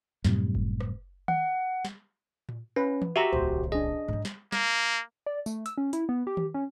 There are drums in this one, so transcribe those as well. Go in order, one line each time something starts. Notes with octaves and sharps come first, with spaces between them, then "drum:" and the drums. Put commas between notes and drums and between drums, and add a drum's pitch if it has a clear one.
F#2 A2 C3 G3, drum: snare
drum: kick G1
drum: rim click
F#5, drum: tom D#3
drum: snare
drum: tom A2
C#4 B4
drum: tom E3
F#4 G4 E5 A#5 C#6
D1 C2 C5
D4 G#4 D#5
G#2 F#3
drum: snare
A#3, drum: snare
D5
A3, drum: tambourine
E6, drum: hi-hat
C#4
E4, drum: hi-hat
B3
G4
drum: tom D#3
C#4